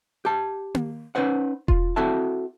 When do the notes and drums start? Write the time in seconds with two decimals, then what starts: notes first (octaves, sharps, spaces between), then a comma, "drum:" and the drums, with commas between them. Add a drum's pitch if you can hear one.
0.25 G4 A5
0.74 drum: tom A#3
1.15 C#4 D#4 B4 C5 F#5
1.68 F4, drum: kick E1
1.96 C4 E4 F#4 A4 E5 A5